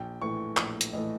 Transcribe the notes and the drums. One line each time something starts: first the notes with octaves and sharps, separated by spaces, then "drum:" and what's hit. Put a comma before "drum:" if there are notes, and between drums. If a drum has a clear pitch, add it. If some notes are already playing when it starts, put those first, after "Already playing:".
Already playing: A#1 G5
A2 E3 A3 C#6
A#1, drum: clap
drum: hi-hat
A2 E3 A3 D#5